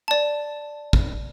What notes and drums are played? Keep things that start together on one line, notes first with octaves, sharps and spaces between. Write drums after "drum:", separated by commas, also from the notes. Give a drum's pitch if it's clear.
D5 A5
drum: kick